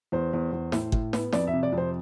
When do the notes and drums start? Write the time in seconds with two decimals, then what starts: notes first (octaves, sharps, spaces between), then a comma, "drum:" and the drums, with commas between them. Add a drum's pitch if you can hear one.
0.12 E2 C5
0.33 E2
0.53 E2
0.72 A2, drum: snare
0.92 A2, drum: kick G1
1.13 B3, drum: snare
1.32 F2 D5, drum: snare
1.47 E5
1.53 C3
1.63 D5
1.72 F2
1.78 C5